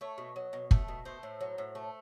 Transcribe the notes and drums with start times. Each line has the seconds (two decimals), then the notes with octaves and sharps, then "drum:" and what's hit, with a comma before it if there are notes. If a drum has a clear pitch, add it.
0.01 A3 C#5
0.18 B2
0.36 F#3
0.53 B2
0.71 A3, drum: kick
0.88 B2
1.05 A3 C5
1.23 A2
1.40 F#3
1.58 A2
1.75 A3